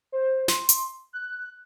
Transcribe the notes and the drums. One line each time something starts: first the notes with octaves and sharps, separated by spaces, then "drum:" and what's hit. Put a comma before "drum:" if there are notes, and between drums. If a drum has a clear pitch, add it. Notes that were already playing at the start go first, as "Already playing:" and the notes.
C5
C6, drum: snare
drum: hi-hat
F#6